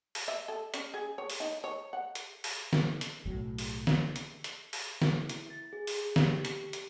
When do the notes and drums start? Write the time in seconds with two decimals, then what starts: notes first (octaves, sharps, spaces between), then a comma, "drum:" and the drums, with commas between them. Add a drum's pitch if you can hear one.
0.15 drum: open hi-hat
0.28 E5
0.48 A4
0.74 C#4, drum: hi-hat
0.94 G#4
1.18 C#5
1.30 drum: open hi-hat
1.40 D#4
1.64 C#5
1.93 F#5
2.15 drum: hi-hat
2.44 drum: open hi-hat
2.73 drum: snare
3.01 drum: hi-hat
3.25 B1 A2 F#3
3.58 drum: open hi-hat
3.87 drum: snare
4.16 drum: hi-hat
4.44 drum: hi-hat
4.73 drum: open hi-hat
5.02 drum: snare
5.30 E4, drum: hi-hat
5.50 A6
5.73 G#4
5.87 drum: open hi-hat
6.16 G4, drum: snare
6.45 drum: hi-hat
6.73 drum: hi-hat